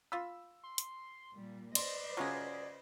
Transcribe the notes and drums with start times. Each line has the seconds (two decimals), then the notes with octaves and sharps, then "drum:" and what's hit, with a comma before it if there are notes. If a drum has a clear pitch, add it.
0.12 F4 B5 E6
0.63 C6
0.78 drum: hi-hat
1.33 A#2 G3
1.75 B4 C5 D5 D#5 C6, drum: cymbal
2.17 C#3 F#3 G#3 F4 G#4